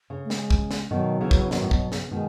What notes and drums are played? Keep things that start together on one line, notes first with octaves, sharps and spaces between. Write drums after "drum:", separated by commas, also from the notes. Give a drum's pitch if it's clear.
C#3
A3
G#3, drum: snare
drum: kick
drum: snare
B2 D#3 F#3
C#3 E3
drum: kick
B2 D#3, drum: snare
A2
B2, drum: kick
C#3, drum: snare
B2 D#3 G#3